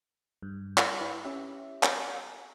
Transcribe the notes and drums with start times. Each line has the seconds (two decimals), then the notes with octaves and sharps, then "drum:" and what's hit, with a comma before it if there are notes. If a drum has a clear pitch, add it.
0.42 G2
0.78 drum: clap
0.99 E4 B4
1.25 C#4 G4 E5
1.83 drum: clap